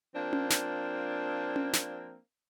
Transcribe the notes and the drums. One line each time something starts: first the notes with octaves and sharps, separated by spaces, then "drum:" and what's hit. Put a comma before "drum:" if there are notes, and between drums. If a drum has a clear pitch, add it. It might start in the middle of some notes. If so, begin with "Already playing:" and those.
F3 A#3 C4 D4
drum: tom C#4
drum: snare
drum: tom C#4
drum: snare